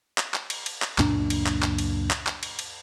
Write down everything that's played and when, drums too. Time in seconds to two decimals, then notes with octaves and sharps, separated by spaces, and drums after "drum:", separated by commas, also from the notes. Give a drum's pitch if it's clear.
0.18 drum: clap
0.34 drum: clap
0.50 drum: cymbal
0.66 drum: cymbal
0.82 drum: clap
0.98 C#2 F#2 A#2 D4, drum: clap
1.30 drum: cymbal
1.46 drum: clap
1.62 drum: clap
1.78 drum: cymbal
2.11 drum: clap
2.27 drum: clap
2.43 drum: cymbal
2.59 drum: cymbal